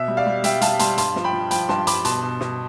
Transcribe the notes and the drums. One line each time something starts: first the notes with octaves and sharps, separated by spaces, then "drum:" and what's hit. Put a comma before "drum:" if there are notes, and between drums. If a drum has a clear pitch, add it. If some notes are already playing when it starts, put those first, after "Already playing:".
Already playing: B2 E5
G3
D5 F5
G3
G3 E5 G5, drum: hi-hat
G3 F5 A5, drum: hi-hat
G3 A5 C6, drum: hi-hat
G2 A5 C6, drum: hi-hat
F3, drum: snare
G5 B5
F3
F3 G5 B5, drum: hi-hat
G2 A5 C6, drum: snare
G2 B5 D6, drum: hi-hat
B2 A5 C6, drum: hi-hat
B2
B2, drum: snare